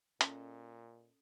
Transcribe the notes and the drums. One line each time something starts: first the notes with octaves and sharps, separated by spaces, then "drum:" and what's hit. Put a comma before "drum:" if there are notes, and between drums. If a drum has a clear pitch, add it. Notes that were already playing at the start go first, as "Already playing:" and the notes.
A#2 C#4 A4 D#5, drum: hi-hat